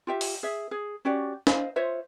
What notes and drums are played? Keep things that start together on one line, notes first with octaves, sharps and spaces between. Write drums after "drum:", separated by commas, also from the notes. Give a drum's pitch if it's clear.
F4 G4 E5
drum: open hi-hat
G#4 E5
G#4
C#4 F#4 G4 D5
C5 D#5 F5, drum: snare
F4 C5 C#5 E5